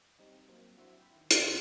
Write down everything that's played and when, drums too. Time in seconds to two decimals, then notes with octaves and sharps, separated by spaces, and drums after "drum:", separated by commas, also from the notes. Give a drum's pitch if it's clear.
0.19 G3 C4 D#4
0.47 F#3 A#3 C4
0.77 D4 E4 F#4 C5 E5
1.00 G5 B5
1.16 D#3
1.31 E2 G3 F#4, drum: hi-hat